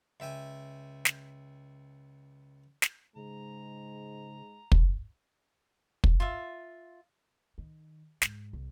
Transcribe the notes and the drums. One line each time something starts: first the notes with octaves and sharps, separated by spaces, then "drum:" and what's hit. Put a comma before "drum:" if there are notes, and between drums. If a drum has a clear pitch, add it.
C#2 E5 G5 G#5
drum: snare
drum: snare
G#2 C#3 G#3 A#5
drum: kick
drum: kick
F4 E5
D#3
G#2, drum: snare
C2